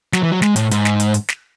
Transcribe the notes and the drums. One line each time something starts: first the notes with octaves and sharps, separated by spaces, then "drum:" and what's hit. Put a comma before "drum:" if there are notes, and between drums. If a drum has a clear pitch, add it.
F#3, drum: snare
E3
F#3
G#3, drum: snare
A2, drum: hi-hat
G#2, drum: hi-hat
drum: snare
drum: hi-hat
drum: hi-hat
drum: snare